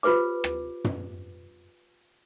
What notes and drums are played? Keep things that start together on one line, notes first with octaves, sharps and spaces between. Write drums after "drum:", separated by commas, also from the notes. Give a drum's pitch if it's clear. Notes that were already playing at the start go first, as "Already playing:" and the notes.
F4 G4 B4 C5 D6
drum: rim click
drum: tom